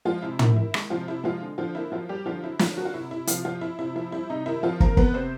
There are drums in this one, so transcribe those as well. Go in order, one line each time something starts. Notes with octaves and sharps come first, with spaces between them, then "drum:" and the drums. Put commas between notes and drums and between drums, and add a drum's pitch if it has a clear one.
F3 G#3 F4
C3 E4
D#3 E4, drum: tom
D#3 E4
G#3, drum: rim click
C3 F3 F4
C3 E4
F3 G#3 F4
D3
D3 F3 F4
A#3 E4
F3 F#3 F4
F#3 G3 G4
D3 F3 F4
F#3 E4
D3 F3 F4, drum: snare
F#3 A#3 F#4
F4
C3 E4
C3 E4
C3 F3 F4, drum: hi-hat
F3 F4
F3 E4
C3 E4
F3 E4
G3 E4
C3 D#4
D#3 E4
F3 C4 F4
A#3 C4 A#4, drum: kick
B3 C4 B4, drum: kick
C3 C4 C5